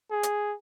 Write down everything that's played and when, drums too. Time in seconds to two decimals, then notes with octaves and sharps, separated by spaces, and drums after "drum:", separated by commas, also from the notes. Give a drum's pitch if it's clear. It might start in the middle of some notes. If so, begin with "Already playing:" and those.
0.11 G#4
0.23 drum: hi-hat